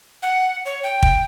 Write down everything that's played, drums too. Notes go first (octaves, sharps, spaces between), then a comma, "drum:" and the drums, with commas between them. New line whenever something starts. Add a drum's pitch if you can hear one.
F#5
C#5
G5
drum: kick